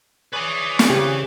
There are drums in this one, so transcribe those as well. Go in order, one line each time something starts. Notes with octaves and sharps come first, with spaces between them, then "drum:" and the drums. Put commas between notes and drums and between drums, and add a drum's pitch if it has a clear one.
G#4 B4 C#5 D5 G#5
drum: snare
C#3 G4